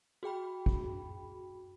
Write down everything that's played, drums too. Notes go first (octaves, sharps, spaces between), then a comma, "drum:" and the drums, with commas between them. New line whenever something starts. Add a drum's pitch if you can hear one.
F#4 G#4 G5 B5
drum: kick